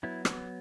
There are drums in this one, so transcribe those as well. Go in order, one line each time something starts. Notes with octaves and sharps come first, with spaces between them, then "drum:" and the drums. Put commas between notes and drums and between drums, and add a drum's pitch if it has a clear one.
F#3 B3 E4
drum: rim click